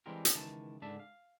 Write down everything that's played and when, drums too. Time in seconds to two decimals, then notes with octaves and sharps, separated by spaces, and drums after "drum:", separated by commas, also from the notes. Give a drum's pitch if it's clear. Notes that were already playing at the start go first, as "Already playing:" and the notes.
0.06 E3 G3 G#3 C4 G4 A#4
0.25 drum: hi-hat
0.35 C#2 D#3 E3 A5
0.82 C#2 G#2 D3 D4 E5 A5
1.00 F5